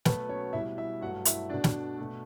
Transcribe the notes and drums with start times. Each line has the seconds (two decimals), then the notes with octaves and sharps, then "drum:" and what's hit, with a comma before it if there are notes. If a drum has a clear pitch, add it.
0.05 B2 F#3 A3 B3 B4, drum: snare
0.29 C#4 C#5
0.53 B2 G3 E4 E5
0.77 E4 E5
1.01 G2 F#3 A3 F#4 F#5
1.25 E4 E5, drum: hi-hat
1.49 B2 A3 D4 D5
1.64 drum: snare
1.98 B2 A3